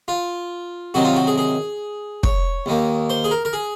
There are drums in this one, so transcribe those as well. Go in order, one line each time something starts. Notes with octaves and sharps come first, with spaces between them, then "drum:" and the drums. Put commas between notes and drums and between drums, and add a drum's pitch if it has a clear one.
F4
C3 D#3 F#3 C4 D#4 F#4
F4
F#4
G#4
G#4
C#5, drum: kick
D#2 D#3 A#3
C5
G#4
A#4
A#4
G#4